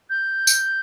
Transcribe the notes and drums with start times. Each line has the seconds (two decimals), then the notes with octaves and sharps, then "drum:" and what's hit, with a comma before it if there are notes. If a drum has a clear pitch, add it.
0.10 G6
0.47 drum: tambourine